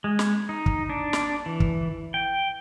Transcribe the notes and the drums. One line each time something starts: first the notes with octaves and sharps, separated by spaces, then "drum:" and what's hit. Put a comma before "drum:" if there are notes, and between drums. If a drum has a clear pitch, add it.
G#3
drum: snare
D#4
drum: kick
D4
drum: snare
E3
drum: kick
G5